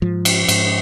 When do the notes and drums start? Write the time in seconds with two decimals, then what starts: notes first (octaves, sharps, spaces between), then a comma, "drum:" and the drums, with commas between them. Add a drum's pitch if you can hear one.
0.02 G#2 F3
0.25 drum: cymbal
0.48 G#2, drum: cymbal